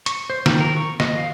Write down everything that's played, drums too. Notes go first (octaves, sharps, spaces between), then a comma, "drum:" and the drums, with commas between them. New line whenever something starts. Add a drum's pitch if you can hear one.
C#6, drum: hi-hat
C5
D#3, drum: snare
A#4
C#6
D#5, drum: snare
F5